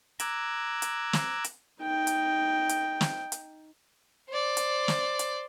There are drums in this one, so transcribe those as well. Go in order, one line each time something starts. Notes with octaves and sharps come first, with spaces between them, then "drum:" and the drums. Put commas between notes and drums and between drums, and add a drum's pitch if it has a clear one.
A#5 D6 E6 F#6 G#6, drum: hi-hat
drum: hi-hat
drum: snare
drum: hi-hat
D#4 G5
drum: hi-hat
drum: hi-hat
drum: snare
drum: hi-hat
C5 D5
drum: hi-hat
drum: snare
drum: hi-hat